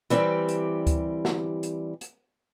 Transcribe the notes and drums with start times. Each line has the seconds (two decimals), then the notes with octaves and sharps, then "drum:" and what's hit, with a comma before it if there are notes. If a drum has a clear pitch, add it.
0.10 E3 G3 C4 G4 D5, drum: hi-hat
0.49 drum: hi-hat
0.87 drum: kick D2, hi-hat
1.25 drum: snare
1.63 drum: hi-hat
2.01 drum: hi-hat